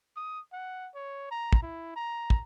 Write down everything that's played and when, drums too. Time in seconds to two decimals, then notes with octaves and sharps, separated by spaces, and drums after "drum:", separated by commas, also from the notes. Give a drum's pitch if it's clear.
0.17 D#6
0.53 F#5
0.95 C#5
1.31 A#5
1.53 drum: kick
1.62 E4
1.96 A#5
2.30 drum: kick